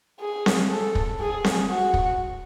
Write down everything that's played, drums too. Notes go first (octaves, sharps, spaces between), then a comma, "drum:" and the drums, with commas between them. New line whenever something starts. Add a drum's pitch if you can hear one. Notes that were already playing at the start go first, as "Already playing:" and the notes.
G#4
drum: snare C4
A4
drum: kick
G#4
drum: snare C4
F#4
drum: kick